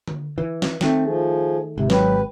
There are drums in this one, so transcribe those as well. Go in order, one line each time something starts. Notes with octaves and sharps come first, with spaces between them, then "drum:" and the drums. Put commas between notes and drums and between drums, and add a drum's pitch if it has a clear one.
drum: tom D3
E3
drum: snare
D#3 A3 C4, drum: snare
F3 G#4
G#1 C3
F#3 G4 B4, drum: snare